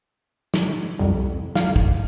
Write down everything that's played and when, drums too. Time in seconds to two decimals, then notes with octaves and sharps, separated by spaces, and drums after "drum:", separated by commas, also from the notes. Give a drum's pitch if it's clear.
0.54 drum: snare
0.99 C2 F2
1.55 F5, drum: snare
1.76 drum: kick